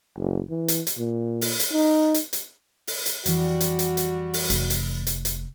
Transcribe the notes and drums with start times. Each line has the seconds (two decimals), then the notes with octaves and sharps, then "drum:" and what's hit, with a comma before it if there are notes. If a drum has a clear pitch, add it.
0.17 F#1
0.50 E3
0.68 drum: hi-hat
0.87 drum: hi-hat
0.98 A#2
1.41 drum: open hi-hat
1.60 drum: hi-hat
1.72 D#4
2.14 drum: hi-hat
2.33 drum: hi-hat
2.87 drum: open hi-hat
3.06 drum: hi-hat
3.26 F2 E3 G3 F#4, drum: hi-hat
3.61 drum: hi-hat
3.79 drum: hi-hat
3.97 drum: hi-hat
4.34 drum: open hi-hat
4.50 F1 D#4, drum: hi-hat
4.70 drum: hi-hat
5.07 drum: hi-hat
5.25 drum: hi-hat